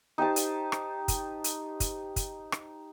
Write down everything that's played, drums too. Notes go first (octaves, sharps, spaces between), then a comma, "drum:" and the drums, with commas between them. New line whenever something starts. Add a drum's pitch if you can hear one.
D#4 G4 C5 A5
drum: hi-hat
drum: rim click
drum: kick, hi-hat
drum: hi-hat
drum: kick, hi-hat
drum: kick, hi-hat
drum: rim click